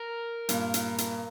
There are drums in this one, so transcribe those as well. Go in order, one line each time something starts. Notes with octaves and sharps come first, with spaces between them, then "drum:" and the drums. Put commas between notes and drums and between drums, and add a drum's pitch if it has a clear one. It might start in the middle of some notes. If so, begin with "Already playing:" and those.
Already playing: A#4
G2 A#2, drum: hi-hat
drum: hi-hat
drum: hi-hat